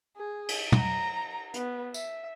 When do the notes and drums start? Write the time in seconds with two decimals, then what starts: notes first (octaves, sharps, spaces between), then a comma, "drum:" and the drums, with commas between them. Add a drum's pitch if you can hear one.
0.17 G#4
0.49 drum: cymbal
0.72 A#5, drum: tom
1.54 B3, drum: hi-hat
1.94 E5, drum: tambourine